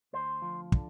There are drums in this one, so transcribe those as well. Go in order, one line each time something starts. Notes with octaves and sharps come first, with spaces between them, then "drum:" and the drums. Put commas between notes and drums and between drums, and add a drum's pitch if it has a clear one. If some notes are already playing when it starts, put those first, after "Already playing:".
D2 C5
F3
D3, drum: kick